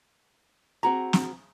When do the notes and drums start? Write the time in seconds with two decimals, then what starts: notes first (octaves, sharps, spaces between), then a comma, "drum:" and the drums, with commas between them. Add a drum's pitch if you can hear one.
0.83 C4 F#4 G#4 A#5
1.13 drum: snare